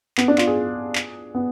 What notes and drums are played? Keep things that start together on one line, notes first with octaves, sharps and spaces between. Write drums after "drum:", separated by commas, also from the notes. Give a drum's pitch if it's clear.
B3, drum: clap
D4
F4, drum: clap
G#4
drum: clap
B3